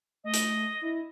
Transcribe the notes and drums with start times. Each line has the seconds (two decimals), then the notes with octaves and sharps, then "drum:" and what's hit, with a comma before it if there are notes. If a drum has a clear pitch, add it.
0.24 A3 D#5
0.33 drum: hi-hat
0.81 E4